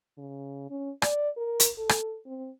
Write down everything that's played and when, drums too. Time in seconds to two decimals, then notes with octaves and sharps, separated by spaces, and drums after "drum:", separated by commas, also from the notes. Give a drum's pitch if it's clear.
0.18 C#3
0.70 C#4
1.02 D5, drum: rim click
1.37 A#4
1.60 drum: hi-hat
1.78 A4
1.89 drum: rim click
2.26 C4